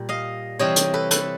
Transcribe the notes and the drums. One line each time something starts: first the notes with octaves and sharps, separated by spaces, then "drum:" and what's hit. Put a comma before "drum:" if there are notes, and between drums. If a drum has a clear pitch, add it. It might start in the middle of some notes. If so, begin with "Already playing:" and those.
Already playing: A#2 G3
D#5 F5
C3 E3 G3 C4 C#5 D#5
drum: hi-hat
A4 B4
A4 B4, drum: hi-hat